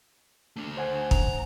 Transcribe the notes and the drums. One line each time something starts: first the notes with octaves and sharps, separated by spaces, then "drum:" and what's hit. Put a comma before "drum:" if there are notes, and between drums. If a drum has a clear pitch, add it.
A3 D4
C5 F#5 G#5
A#5, drum: kick